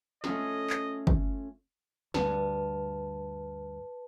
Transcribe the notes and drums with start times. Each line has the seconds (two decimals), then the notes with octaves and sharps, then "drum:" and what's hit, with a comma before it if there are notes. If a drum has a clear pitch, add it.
0.24 A3 C#4 F4 D#5, drum: snare
0.70 drum: clap
1.07 drum: kick
2.14 D2 G2 B4 A5, drum: snare